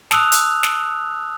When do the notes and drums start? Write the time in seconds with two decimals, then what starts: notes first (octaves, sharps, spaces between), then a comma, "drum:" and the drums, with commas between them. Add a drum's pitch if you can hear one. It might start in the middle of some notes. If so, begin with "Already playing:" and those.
0.11 A5 D#6 E6 F#6 F7, drum: snare
0.32 drum: hi-hat
0.63 drum: snare